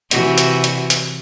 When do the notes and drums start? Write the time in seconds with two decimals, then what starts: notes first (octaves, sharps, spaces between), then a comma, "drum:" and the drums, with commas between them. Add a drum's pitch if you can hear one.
0.11 C3 E3 F#4, drum: hi-hat
0.38 drum: hi-hat
0.64 drum: hi-hat
0.90 drum: hi-hat